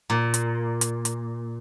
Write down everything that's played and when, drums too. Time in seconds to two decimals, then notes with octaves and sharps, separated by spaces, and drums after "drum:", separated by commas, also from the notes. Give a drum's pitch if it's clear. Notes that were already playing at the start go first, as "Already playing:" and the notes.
0.10 A#2
0.34 drum: hi-hat
0.81 drum: hi-hat
1.05 drum: hi-hat